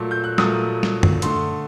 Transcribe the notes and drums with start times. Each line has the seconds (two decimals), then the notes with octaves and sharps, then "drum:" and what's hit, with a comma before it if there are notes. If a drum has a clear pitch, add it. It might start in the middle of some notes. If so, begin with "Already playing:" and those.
Already playing: A#2 F#3 A3
0.11 G6
0.24 F#6
0.38 A#2 F#3 A3 D#6, drum: snare
0.83 drum: snare
1.03 drum: tom F#2
1.22 D3 A3 C6, drum: hi-hat